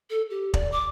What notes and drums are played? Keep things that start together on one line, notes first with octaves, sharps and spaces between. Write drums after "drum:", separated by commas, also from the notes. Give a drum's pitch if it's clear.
A4
G4
D5, drum: kick
D6